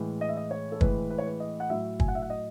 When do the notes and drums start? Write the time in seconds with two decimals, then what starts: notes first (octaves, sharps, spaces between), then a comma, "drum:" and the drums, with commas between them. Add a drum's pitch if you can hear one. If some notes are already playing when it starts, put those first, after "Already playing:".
Already playing: A2 E3 G#3
0.21 D#5
0.29 E5
0.37 D#5
0.51 C#5
0.72 A4
0.81 A2 E3 G#3 B4, drum: kick
1.10 B4
1.18 C#5
1.27 B4
1.40 D#5
1.60 F#5
1.70 A2 F#3 E5
2.00 G#5, drum: kick
2.08 F#5
2.15 E5
2.22 F#5
2.30 D#5